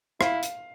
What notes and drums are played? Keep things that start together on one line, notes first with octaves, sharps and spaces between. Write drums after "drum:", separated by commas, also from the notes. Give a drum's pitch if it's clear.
E4 F5, drum: rim click
drum: hi-hat